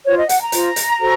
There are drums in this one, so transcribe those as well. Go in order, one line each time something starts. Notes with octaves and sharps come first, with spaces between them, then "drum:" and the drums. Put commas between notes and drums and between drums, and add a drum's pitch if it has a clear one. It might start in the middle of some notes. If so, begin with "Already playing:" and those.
F4 C5 C#5
D#5
F#5, drum: hi-hat
A#5
F4 C5, drum: hi-hat
drum: hi-hat
F#4 A4 C5